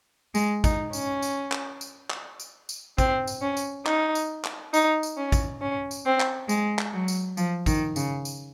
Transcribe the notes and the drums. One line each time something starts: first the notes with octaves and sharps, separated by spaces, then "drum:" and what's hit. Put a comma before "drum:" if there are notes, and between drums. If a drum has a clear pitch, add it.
G#3, drum: tambourine
D#4, drum: kick, tambourine
C#4, drum: tambourine
drum: tambourine
drum: clap
drum: tambourine
drum: clap
drum: tambourine
drum: tambourine
C4, drum: kick, tambourine
drum: tambourine
C#4
drum: tambourine
D#4, drum: clap
drum: tambourine
drum: clap
D#4, drum: tambourine
drum: tambourine
C#4
drum: kick, tambourine
C#4
drum: tambourine
C4
drum: clap
G#3, drum: tambourine
drum: clap
F#3
drum: tambourine
F3, drum: tambourine
D#3, drum: kick, tambourine
C#3, drum: tambourine
drum: tambourine